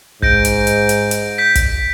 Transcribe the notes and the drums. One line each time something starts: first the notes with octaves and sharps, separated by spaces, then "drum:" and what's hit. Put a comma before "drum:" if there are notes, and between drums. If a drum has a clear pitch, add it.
G#2 G6 A#6 D7, drum: kick
drum: hi-hat
drum: hi-hat
drum: hi-hat
drum: hi-hat
G6 B6
drum: kick, hi-hat